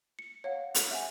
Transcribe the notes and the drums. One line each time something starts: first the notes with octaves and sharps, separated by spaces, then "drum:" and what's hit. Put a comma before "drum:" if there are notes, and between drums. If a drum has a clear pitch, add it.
C#7
C#5 F5 F#5
drum: hi-hat
E5 F#5 G#5